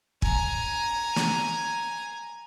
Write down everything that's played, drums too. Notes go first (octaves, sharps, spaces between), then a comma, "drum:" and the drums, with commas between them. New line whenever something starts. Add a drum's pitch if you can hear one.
G#5 A#5, drum: kick
drum: snare